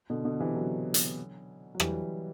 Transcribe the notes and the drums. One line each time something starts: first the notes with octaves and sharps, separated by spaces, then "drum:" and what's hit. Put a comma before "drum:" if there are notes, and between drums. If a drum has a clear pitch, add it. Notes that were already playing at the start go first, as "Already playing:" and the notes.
B2 D3
B2 D3
C3 E3
D3 F#3
drum: hi-hat
F#3
E3 G3, drum: rim click